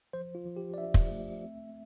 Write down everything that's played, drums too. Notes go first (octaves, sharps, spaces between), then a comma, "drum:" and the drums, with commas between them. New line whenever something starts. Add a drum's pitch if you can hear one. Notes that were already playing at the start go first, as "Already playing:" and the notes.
F3 C5
F4
F3
G4
D5
D4 E5
drum: kick
A3
C4